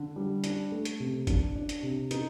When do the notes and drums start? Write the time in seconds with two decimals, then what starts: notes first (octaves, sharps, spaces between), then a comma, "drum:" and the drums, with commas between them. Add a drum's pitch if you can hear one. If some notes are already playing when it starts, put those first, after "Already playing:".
Already playing: D3
0.16 G3
0.44 D4, drum: hi-hat
0.72 A3
0.85 drum: hi-hat
1.00 C3
1.27 D4, drum: kick G1, hi-hat
1.55 D4
1.69 drum: hi-hat
1.83 C3
2.11 D#4, drum: hi-hat